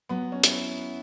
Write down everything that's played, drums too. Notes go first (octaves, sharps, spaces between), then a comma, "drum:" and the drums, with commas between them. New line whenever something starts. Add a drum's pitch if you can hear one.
F#3 B3
C#4
E4, drum: hi-hat